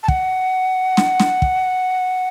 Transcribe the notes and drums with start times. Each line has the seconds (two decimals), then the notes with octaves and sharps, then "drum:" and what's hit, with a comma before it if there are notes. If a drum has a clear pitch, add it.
0.03 A5
0.08 F#5, drum: kick
0.97 drum: snare
1.20 drum: snare
1.42 drum: kick